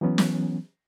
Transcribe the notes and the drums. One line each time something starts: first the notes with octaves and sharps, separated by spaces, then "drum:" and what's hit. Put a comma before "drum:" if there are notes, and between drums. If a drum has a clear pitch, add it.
E3 F#3 B3 C#4
drum: snare